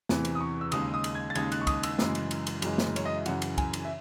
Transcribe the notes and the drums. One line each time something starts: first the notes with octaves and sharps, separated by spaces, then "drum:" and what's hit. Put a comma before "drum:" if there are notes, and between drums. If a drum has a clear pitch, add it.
E2 C3 E3, drum: snare
drum: cymbal
D#6
C#6
E6
D#2 C#3 G#3 D#4 D#6, drum: cymbal
D#6
drum: cymbal
G#6
A6
D#2 C#3 G#3 D#4 G#6, drum: cymbal
F#6, drum: cymbal
C#6
D#6, drum: kick, cymbal
E6, drum: cymbal
F#2 C#3 E3 G#3 E6, drum: snare
drum: cymbal
drum: cymbal
drum: cymbal
F#2 C#3 E3 G#3, drum: cymbal
drum: snare
C#5, drum: cymbal
D#5
E5
F#2 C#3 E3 F#5, drum: cymbal
drum: cymbal
G#5, drum: kick, cymbal
drum: cymbal
E5